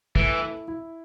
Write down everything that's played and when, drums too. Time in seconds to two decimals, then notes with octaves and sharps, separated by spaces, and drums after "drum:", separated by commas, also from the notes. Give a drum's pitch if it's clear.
0.16 E3 A3, drum: kick
0.41 E4
0.68 E4